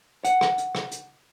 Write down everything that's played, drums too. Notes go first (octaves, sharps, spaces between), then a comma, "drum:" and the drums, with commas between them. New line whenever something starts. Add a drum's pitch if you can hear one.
F#5, drum: hi-hat
drum: rim click
drum: hi-hat
drum: rim click
drum: hi-hat